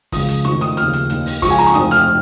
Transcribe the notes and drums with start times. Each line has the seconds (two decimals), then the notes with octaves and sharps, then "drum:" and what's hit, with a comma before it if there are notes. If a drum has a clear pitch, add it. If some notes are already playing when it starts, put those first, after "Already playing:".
0.12 C#2 C#3 F3 D#6, drum: kick, open hi-hat
0.29 drum: hi-hat
0.45 F1 F2 D#3 C#6, drum: hi-hat
0.61 D#6, drum: hi-hat
0.77 D#2 C#3 F3 F6, drum: hi-hat
0.94 drum: hi-hat
1.10 D#2 D#3, drum: hi-hat
1.26 drum: open hi-hat
1.42 C#2 C#3 F3 C#6, drum: kick, open hi-hat
1.50 G#5
1.59 A#5, drum: hi-hat
1.67 C#6
1.74 F1 F2 F3 D#6, drum: hi-hat
1.91 F6, drum: hi-hat